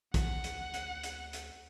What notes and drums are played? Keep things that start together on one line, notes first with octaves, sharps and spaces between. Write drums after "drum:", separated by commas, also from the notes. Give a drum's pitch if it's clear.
D2 F#5, drum: kick, hi-hat
drum: hi-hat
drum: hi-hat
drum: hi-hat
drum: hi-hat